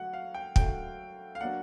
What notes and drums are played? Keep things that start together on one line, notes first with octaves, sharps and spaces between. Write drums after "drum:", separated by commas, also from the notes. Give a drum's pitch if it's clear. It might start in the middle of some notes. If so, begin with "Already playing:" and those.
Already playing: D3 F#3 A3 F#5
F5
G5
D3 F#3 A3 G5, drum: kick
F5
F#3 A#3 D4 F#5